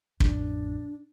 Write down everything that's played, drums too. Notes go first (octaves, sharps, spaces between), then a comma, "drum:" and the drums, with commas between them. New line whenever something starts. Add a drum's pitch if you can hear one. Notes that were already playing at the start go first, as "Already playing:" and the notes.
A1 F2 D4, drum: kick